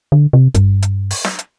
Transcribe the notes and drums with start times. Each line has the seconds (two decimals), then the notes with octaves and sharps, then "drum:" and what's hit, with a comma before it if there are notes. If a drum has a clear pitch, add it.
0.12 D3
0.33 C3
0.54 G2, drum: kick, hi-hat
0.82 drum: hi-hat
1.11 drum: open hi-hat
1.25 drum: snare
1.39 drum: hi-hat